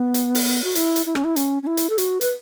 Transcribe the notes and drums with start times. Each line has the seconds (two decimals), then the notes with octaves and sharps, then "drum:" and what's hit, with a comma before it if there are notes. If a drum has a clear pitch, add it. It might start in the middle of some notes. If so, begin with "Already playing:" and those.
Already playing: B3
0.14 drum: hi-hat
0.35 drum: open hi-hat
0.64 F#4
0.75 E4, drum: hi-hat
0.96 drum: hi-hat
1.06 E4
1.15 C#4, drum: rim click
1.24 E4
1.36 C#4, drum: hi-hat
1.63 C#4
1.67 E4
1.77 drum: hi-hat
1.90 A4
1.98 F#4, drum: hi-hat
2.21 B4, drum: hi-hat